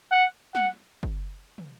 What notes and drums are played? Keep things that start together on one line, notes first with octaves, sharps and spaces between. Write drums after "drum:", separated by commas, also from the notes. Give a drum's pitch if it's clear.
F#5
F#5, drum: snare
drum: kick
drum: tom